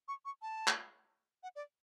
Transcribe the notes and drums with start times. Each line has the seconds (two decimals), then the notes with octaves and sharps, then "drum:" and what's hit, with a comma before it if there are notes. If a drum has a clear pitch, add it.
0.08 C#6
0.25 C#6
0.42 A5
0.67 drum: clap
1.43 F#5
1.56 D5